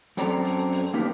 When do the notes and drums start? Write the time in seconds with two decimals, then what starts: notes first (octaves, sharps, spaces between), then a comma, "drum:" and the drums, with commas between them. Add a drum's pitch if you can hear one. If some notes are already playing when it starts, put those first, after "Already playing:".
0.17 F#2 C4 A4 D5 A#5, drum: hi-hat
0.45 drum: open hi-hat
0.72 drum: open hi-hat
0.94 A#3 D4 D#4 G4 A#4 B4